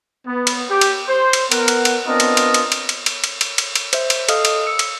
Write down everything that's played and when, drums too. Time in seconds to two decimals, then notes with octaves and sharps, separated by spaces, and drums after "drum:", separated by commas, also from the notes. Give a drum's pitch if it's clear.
0.27 B3
0.47 drum: cymbal
0.69 G4
0.81 drum: cymbal
1.08 C5
1.33 drum: cymbal
1.52 B3 A#4 F#5, drum: cymbal
1.68 drum: cymbal
1.85 drum: cymbal
2.06 B3 C4 D4 F4 A#4 D#5
2.20 drum: cymbal
2.37 drum: cymbal
2.54 drum: cymbal
2.72 drum: cymbal
2.89 drum: cymbal
3.06 drum: cymbal
3.24 drum: cymbal
3.41 drum: cymbal
3.58 drum: cymbal
3.75 drum: cymbal
3.93 C5 E5, drum: cymbal
4.10 drum: cymbal
4.29 A4 D#5 F5 D#6 F6, drum: cymbal
4.45 drum: cymbal
4.66 E6 C#7
4.79 drum: cymbal